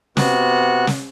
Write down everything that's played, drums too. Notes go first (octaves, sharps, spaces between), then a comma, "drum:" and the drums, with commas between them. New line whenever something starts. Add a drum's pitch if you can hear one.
C3 B3 F#4 F#6, drum: snare
drum: snare